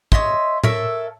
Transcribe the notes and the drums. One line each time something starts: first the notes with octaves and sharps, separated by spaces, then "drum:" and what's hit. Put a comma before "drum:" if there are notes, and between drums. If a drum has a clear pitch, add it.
C#5 D#5 E5 C6, drum: kick
A4 A#4 C#5 E5, drum: tom A2